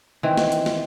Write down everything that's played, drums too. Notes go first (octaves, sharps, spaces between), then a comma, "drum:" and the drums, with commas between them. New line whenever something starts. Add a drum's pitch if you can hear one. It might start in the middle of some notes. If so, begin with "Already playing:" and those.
D#3 E3 C4
drum: snare
drum: hi-hat
drum: snare